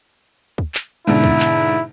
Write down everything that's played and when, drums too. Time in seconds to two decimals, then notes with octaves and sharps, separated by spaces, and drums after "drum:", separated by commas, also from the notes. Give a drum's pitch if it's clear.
0.58 drum: kick
0.75 drum: clap
1.07 G#2 B2 D3 E4
1.24 drum: kick
1.40 drum: clap